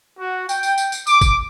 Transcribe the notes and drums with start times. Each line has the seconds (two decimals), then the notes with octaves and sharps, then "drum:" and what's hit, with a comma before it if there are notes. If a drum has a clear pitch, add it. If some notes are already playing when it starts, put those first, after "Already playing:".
0.19 F#4
0.49 G5, drum: tambourine
0.63 drum: tambourine
0.78 drum: tambourine
0.92 drum: tambourine
1.07 D6, drum: tambourine
1.21 drum: kick G1, tambourine